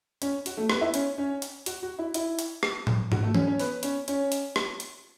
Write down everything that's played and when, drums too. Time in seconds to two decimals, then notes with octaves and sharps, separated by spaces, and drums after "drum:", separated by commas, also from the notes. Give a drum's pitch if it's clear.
0.22 C#4 C#5, drum: hi-hat
0.46 F#4, drum: hi-hat
0.57 A3 A4
0.70 B3 B4, drum: rim click
0.81 E4 E5
0.94 C#4 C#5, drum: hi-hat
1.18 C#4 C#5
1.42 drum: hi-hat
1.66 F#4, drum: hi-hat
1.83 F#4
1.99 E4
2.14 E4, drum: hi-hat
2.39 drum: hi-hat
2.63 drum: rim click
2.87 drum: tom A2
3.12 F#4, drum: tom
3.23 A3 A4
3.35 C#4 C#5, drum: tom E3
3.47 C#4 C#5
3.59 B3 B4, drum: open hi-hat
3.83 C#4 C#5, drum: hi-hat
4.08 C#4 C#5, drum: hi-hat
4.32 drum: hi-hat
4.56 drum: rim click
4.80 drum: hi-hat